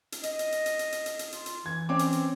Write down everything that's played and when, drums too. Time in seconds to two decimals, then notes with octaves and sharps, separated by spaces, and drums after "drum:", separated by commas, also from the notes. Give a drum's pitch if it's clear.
0.12 drum: hi-hat
0.23 D#5, drum: hi-hat
0.39 drum: hi-hat
0.52 drum: hi-hat
0.66 drum: hi-hat
0.79 drum: hi-hat
0.92 drum: hi-hat
1.06 drum: hi-hat
1.19 drum: hi-hat
1.32 F4, drum: hi-hat
1.46 drum: hi-hat
1.66 E3 G#6
1.89 C4 C#4 D6
1.99 drum: hi-hat
2.13 drum: hi-hat